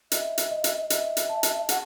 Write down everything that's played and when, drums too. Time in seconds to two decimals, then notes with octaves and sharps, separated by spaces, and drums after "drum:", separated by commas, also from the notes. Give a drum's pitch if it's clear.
0.12 D#5 E5, drum: hi-hat
0.38 drum: hi-hat
0.51 D#5
0.64 drum: hi-hat
0.90 D#5 E5, drum: hi-hat
1.17 drum: hi-hat
1.29 A5
1.43 drum: hi-hat
1.69 G#4 F#5, drum: hi-hat